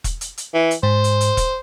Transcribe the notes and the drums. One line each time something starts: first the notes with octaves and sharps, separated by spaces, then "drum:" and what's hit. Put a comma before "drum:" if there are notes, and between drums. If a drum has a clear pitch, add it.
drum: kick E1, hi-hat
drum: hi-hat
drum: hi-hat
E3
drum: hi-hat
G#2 C5
drum: hi-hat
drum: hi-hat
drum: kick E1, hi-hat